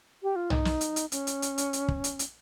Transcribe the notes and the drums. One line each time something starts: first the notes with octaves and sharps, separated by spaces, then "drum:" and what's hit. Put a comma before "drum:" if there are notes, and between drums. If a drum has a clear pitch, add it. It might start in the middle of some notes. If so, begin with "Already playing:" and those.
G4
F4
D#4, drum: tom B1
drum: snare
drum: hi-hat
drum: hi-hat
C#4, drum: hi-hat
drum: hi-hat
drum: hi-hat
drum: hi-hat
drum: hi-hat
drum: kick
drum: hi-hat
drum: hi-hat